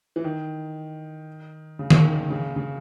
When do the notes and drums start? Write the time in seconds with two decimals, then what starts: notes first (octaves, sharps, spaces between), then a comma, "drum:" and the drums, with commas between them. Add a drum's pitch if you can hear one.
0.16 E3
0.24 D#3
1.79 C#3
1.90 drum: tom D#3
2.05 D#3
2.30 C#3
2.56 C#3